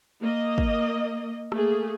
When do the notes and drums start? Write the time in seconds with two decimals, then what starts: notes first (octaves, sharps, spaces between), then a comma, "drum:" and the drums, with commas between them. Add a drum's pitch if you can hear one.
0.20 A#3 D#5
0.58 drum: kick
1.52 A3 A#3 G#4, drum: rim click